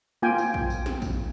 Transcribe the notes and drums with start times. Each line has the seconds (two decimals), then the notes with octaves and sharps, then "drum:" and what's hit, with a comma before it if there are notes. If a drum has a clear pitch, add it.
0.22 A#3 F4 G5 G#5
0.38 drum: tambourine
0.54 drum: kick A#1
0.70 drum: tambourine
0.86 drum: snare
1.02 drum: kick A#1, tambourine